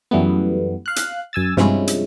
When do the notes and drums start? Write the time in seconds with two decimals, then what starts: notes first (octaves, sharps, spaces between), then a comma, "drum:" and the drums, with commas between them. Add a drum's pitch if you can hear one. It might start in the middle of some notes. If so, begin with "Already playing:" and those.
0.11 F#2 E3 G3 A3 B3
0.86 F5 F#6
0.96 drum: hi-hat
1.33 F#2 G#5 E6 A6
1.57 G2 C3 F3 G#3 C#4 E4, drum: snare
1.88 drum: hi-hat